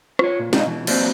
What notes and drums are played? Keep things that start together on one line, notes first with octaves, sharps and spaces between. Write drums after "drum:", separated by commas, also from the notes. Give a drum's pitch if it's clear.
F4 C#5, drum: rim click
A#2
B2 G#3 D#4 D5 D#5 F5, drum: snare
B2 E3
F#3 A#3 C4 F#4 C5 D5, drum: cymbal